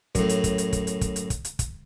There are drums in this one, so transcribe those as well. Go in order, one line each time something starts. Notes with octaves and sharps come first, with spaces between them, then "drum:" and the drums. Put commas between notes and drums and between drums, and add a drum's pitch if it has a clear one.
F#2 A2, drum: kick, hi-hat
drum: hi-hat
drum: kick, hi-hat
drum: hi-hat
drum: kick, hi-hat
drum: hi-hat
drum: kick, hi-hat
drum: hi-hat
drum: kick, hi-hat
drum: hi-hat
drum: kick, hi-hat